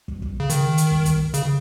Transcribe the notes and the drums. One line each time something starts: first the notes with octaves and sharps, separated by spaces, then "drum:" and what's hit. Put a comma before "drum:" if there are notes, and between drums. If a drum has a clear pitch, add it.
drum: kick
drum: kick
C#3
D#3, drum: hi-hat
drum: hi-hat
drum: kick
drum: kick, hi-hat
C#3, drum: hi-hat